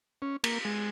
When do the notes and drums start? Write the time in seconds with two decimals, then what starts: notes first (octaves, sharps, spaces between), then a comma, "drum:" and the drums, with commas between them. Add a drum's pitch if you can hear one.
0.22 C#4
0.44 A#3, drum: cymbal
0.65 G#3